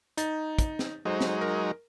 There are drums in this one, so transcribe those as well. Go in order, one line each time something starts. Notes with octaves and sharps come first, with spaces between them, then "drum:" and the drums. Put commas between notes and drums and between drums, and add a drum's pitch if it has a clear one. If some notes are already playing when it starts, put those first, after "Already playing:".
D#4 A6, drum: hi-hat
drum: kick, hi-hat
drum: snare
F#3 G#3 D#4 A4 C5
drum: snare
A#4